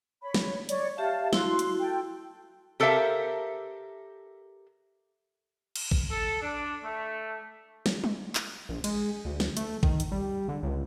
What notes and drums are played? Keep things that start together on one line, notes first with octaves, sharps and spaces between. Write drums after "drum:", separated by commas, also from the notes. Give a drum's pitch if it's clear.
C#5 B5
drum: snare
C#5 D5, drum: hi-hat
G4 E5 F5 A5
E4 F#4 C6, drum: snare
drum: hi-hat
A4 G5
G4 A4 A#4 C5 E5 F5
drum: cymbal
drum: kick
A4
D4
A3
drum: snare
drum: tom G3
drum: clap
A#1
G#3, drum: cymbal
D2
drum: snare
A3, drum: hi-hat
D#3, drum: kick
drum: hi-hat
G3
D3
C#2